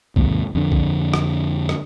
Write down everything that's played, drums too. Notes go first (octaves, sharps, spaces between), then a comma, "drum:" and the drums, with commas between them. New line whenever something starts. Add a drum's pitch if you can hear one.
D#2 G#2 C3, drum: kick B1
F2 D3
drum: kick B1
drum: rim click
drum: rim click